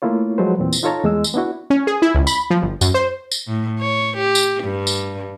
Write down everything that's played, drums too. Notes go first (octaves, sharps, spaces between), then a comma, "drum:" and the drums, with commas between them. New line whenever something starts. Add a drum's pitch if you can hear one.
A3 A#3 E4 F4 C#5
F3 F#3 G#3 A4 B4 C5
E2 A#2 E3 C4
drum: tambourine
D#4 F4 A4 C#5 A5 A#5
E2 G#3 E6
drum: tambourine
B3 D4 E4 F#4
C#4
G#4
E4
C#2
B5, drum: tambourine
F3
G1
F#2, drum: tambourine
C5
drum: tambourine
A2
C#5
G4
drum: tambourine
G2
drum: tambourine